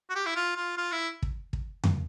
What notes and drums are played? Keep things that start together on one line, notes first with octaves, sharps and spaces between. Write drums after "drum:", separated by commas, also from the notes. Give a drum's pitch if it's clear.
F#4
G4
E4
F4
F4
F4
E4
drum: kick
drum: kick
drum: tom F2